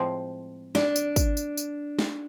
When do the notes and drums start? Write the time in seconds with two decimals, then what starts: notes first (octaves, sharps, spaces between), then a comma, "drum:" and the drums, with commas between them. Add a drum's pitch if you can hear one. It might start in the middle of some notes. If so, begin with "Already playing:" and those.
Already playing: A2 F3 G#3 C4
0.75 D4, drum: snare
0.96 drum: tambourine
1.16 drum: kick, tambourine
1.37 drum: tambourine
1.57 drum: tambourine
1.99 drum: snare